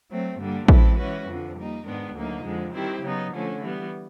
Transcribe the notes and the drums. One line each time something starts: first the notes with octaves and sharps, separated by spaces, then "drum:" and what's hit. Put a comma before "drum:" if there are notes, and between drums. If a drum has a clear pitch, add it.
F#3 A3 C4
G2 D3 G3 A#3
E3 G#3 C4 E4 A4, drum: kick
E3 G#3 C#4 F#4 B4
F2 D3 F3
G3 A#3 D#4
G#2 D#3 G#3 B3 D4
D2 D3 F#3 A#3 D#4
F2 D3 F3 G#3
D#3 G3 C4 E4 G4
C#3 F#3 B3 D#4
D3 F3 A3 C#4
E3 G3 B3